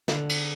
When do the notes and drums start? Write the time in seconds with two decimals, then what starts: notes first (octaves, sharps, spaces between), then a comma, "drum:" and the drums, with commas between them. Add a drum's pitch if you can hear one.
0.08 D3, drum: snare
0.29 drum: cymbal